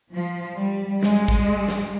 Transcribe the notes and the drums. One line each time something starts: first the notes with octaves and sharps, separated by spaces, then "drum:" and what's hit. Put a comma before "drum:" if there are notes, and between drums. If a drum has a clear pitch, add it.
F3
G3
G#3, drum: snare
drum: kick
drum: snare